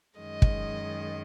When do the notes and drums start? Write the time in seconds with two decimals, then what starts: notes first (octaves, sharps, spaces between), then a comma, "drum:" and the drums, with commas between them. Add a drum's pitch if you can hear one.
0.18 F#2 D#3 G#3 D#5
0.42 drum: kick